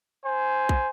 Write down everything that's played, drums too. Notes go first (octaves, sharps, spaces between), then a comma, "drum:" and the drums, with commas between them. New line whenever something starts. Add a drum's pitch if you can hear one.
C5 G#5
drum: kick